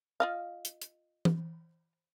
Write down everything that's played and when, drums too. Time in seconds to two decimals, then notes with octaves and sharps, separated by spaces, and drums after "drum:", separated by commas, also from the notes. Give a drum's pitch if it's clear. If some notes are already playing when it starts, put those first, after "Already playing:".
0.20 F4 D#5 F5
0.65 drum: hi-hat
0.82 drum: hi-hat
1.25 drum: tom E3